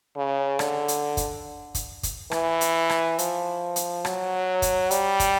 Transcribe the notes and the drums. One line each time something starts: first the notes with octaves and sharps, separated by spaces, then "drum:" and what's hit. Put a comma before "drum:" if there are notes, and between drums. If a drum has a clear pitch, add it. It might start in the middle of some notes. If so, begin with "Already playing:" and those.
C#3
D3, drum: rim click
drum: hi-hat
drum: kick, hi-hat
drum: kick, hi-hat
drum: kick, hi-hat
E3, drum: rim click
drum: hi-hat
drum: rim click
F3, drum: hi-hat
drum: hi-hat
F#3, drum: rim click
drum: kick, hi-hat
G3, drum: hi-hat
drum: kick, hi-hat